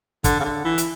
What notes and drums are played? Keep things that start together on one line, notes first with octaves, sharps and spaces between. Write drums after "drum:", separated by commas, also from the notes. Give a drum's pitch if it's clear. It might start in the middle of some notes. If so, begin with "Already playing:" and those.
D3, drum: kick, hi-hat
C#3
D3
E3
drum: hi-hat